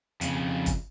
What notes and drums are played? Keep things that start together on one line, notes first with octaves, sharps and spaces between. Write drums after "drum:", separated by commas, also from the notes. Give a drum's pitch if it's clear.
F2 C#3, drum: hi-hat
drum: kick, hi-hat